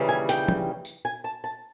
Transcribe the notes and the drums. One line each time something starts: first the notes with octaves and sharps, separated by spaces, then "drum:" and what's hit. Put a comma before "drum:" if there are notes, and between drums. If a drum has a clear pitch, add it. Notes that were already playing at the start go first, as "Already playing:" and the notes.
Already playing: D#2 C#3 E3 G3
G#5
G5, drum: hi-hat
drum: tom
drum: tambourine
G#5
A5
A5